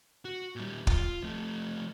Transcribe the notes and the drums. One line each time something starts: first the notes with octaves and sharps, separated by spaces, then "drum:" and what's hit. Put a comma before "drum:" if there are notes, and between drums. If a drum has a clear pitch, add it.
F#4
A#2 G3
F4, drum: kick
F3 A3